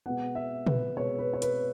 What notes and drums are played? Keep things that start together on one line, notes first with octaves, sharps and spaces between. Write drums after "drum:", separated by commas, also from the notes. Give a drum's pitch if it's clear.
B2 G#3 B3 F#5
E5
B4, drum: tom
B2 G#3 B3 C#5
B4
C#5
B4, drum: hi-hat